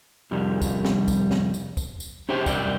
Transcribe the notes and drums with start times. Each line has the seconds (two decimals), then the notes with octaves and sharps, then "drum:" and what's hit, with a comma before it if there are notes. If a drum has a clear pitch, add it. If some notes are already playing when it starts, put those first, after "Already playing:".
0.31 C2 F2 G3
0.62 drum: kick, tambourine
0.85 drum: snare
1.08 drum: kick, tambourine
1.31 drum: snare
1.54 drum: tambourine
1.77 drum: kick, tambourine
2.00 drum: tambourine
2.29 C#4 G4 C5 G5
2.46 C2 F#2 F3 D5 G5, drum: kick, tambourine